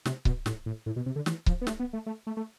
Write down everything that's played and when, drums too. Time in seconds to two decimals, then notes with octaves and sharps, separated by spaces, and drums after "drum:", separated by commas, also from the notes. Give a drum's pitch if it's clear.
0.05 C3, drum: snare
0.25 B2, drum: kick C#1
0.46 A2, drum: snare
0.66 A2
0.86 A2
0.96 B2
1.06 C3
1.16 D3
1.26 E3, drum: snare
1.46 F3, drum: kick C#1
1.61 B3
1.67 A3, drum: snare
1.79 B3
1.93 A3
2.06 A3
2.27 A3
2.37 A3